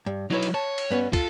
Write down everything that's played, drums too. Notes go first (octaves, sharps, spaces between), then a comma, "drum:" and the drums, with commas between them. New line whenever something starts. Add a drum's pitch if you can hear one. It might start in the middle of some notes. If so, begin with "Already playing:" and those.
G2
F#3 D#4 E4 B4 C#5
drum: cymbal
C#5 A5
drum: cymbal
G2 B3 C#4
F4 A4, drum: kick, cymbal